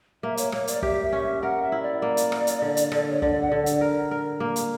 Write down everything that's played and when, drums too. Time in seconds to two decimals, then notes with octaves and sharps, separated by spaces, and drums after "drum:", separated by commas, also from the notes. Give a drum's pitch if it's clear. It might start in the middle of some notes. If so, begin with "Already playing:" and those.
0.23 A#3 E5
0.37 C#5, drum: hi-hat
0.52 A#3 C#5, drum: rim click
0.67 D5, drum: hi-hat
0.82 G4 E5, drum: kick
1.03 E5
1.12 C#4
1.23 E5
1.42 A#4 F#5
1.63 E5
1.72 E4
1.82 D5
2.02 A#3 D5
2.17 drum: hi-hat
2.32 A#4, drum: rim click
2.47 drum: hi-hat
2.62 D3
2.77 drum: hi-hat
2.92 D3, drum: rim click
3.10 C#5
3.22 D3 D5, drum: kick
3.41 F#5
3.52 D3
3.66 drum: hi-hat
3.81 A#4
4.11 A#4
4.40 A#3
4.56 drum: hi-hat